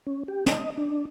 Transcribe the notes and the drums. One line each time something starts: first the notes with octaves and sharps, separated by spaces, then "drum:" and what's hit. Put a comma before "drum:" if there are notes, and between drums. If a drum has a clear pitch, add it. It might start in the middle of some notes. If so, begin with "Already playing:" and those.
C#4
G4
D#5, drum: snare
D4